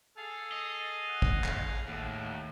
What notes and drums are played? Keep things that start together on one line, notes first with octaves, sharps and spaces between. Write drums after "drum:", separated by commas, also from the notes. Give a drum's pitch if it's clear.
G#4 A4 F5
D#5
F#5
drum: kick
drum: clap
D#2 A2 F#5